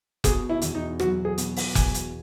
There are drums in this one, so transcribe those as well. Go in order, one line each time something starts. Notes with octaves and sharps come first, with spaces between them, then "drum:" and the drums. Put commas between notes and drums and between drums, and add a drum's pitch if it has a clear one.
B2 G#4, drum: kick F1, hi-hat
E4
E2, drum: hi-hat
D#4
F#3 F#4, drum: rim click
G#4
B2, drum: hi-hat
drum: open hi-hat
E2 G#5, drum: kick F1, hi-hat
drum: hi-hat